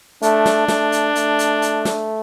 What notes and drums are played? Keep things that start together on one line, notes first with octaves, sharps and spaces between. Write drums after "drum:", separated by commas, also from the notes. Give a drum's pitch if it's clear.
A3 D4, drum: hi-hat
drum: snare
A3, drum: snare
drum: hi-hat
A3, drum: hi-hat
drum: hi-hat
drum: hi-hat
drum: snare